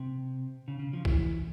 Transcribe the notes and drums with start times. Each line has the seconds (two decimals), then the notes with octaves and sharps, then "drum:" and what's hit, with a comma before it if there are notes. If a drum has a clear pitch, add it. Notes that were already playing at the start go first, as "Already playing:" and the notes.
Already playing: C3
0.68 C#3
0.79 C#3
0.93 F3
1.05 E3, drum: kick